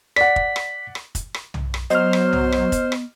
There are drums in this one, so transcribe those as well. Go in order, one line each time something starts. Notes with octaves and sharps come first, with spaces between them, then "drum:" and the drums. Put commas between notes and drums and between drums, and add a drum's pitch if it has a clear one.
D5 F#5 B6, drum: rim click
drum: kick
drum: rim click
drum: rim click
drum: kick, hi-hat
drum: rim click
drum: tom
drum: rim click
F#3 B3 C5 D#5 F6
drum: rim click
drum: tom
drum: rim click
drum: kick, hi-hat
drum: rim click